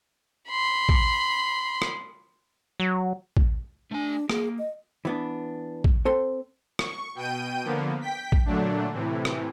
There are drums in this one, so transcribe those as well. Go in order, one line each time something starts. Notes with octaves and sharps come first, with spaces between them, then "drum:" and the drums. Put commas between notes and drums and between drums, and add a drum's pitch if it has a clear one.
B5 C6
drum: kick
drum: rim click
F#3
drum: kick
A3 D4 G#5
A#3 G#4, drum: rim click
D#5
E3 B3 D4
drum: kick
C4 A4 C6
C#6, drum: rim click
B2 G5 G6 D#7
D3 F3 A#3 B3
G5 B6
drum: kick
A#2 D3 F#3 A3 D4
A2 C3 E3
drum: rim click